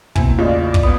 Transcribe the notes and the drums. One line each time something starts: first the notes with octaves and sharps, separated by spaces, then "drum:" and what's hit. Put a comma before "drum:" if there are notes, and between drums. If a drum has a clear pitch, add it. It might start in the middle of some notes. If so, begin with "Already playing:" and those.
E2 B2 A#3 C4 E4, drum: kick
A2 C#3 F4 F#4 D5 D#5
drum: kick
C#2 B3 B5 D#6